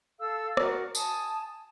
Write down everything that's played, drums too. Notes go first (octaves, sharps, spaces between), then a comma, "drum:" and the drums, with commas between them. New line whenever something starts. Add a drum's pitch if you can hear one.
A4 F5 E6
F#4 A#4 D5, drum: rim click
G#5 A5 D#6, drum: tambourine